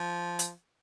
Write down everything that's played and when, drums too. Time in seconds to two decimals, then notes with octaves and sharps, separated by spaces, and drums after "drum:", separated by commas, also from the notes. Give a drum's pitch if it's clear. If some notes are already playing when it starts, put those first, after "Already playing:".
Already playing: F3
0.39 drum: hi-hat